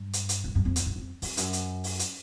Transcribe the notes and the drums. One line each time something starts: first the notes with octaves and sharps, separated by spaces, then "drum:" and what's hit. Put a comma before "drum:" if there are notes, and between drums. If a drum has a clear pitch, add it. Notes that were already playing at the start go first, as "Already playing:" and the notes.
Already playing: G2
drum: hi-hat
drum: hi-hat
F#2
F#2
F2
E2, drum: hi-hat
F#2
F2
F2, drum: open hi-hat
F#2, drum: hi-hat
drum: hi-hat
drum: open hi-hat
drum: hi-hat